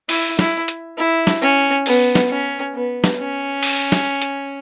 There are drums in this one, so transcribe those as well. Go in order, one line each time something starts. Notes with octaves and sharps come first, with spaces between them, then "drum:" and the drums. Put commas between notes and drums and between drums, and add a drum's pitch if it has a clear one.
E4, drum: open hi-hat
E4, drum: snare
drum: hi-hat
E4
drum: snare
C#4
B3, drum: open hi-hat
drum: snare
C#4
B3
drum: snare
C#4
drum: open hi-hat
drum: snare
drum: hi-hat